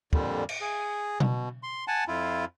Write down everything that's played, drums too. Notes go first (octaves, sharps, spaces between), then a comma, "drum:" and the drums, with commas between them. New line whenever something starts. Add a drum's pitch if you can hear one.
F2 A#2 D3 G3, drum: kick
drum: cymbal
G#4
B2, drum: tom B2
C6
F#5 G#5 A5
F2 E4 F4